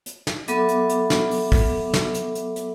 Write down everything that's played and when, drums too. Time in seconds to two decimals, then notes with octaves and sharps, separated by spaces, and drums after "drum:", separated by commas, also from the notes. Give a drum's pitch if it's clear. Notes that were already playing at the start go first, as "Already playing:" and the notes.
0.06 drum: hi-hat
0.27 drum: snare
0.48 F#3 B3 A4 E5 D6, drum: hi-hat
0.69 drum: hi-hat
0.89 drum: hi-hat
1.10 drum: snare
1.31 drum: open hi-hat
1.52 drum: kick, open hi-hat
1.94 drum: snare
2.14 drum: hi-hat
2.35 drum: hi-hat
2.56 drum: hi-hat